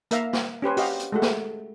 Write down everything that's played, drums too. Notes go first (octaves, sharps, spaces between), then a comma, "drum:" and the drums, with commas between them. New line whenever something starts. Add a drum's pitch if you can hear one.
A#3 A#4 E5 F5 A#5, drum: hi-hat
drum: snare
C#4 G4 B4 C5
F#4 G4 D#5 F5, drum: open hi-hat
drum: hi-hat
G#3 A3 F#4
drum: snare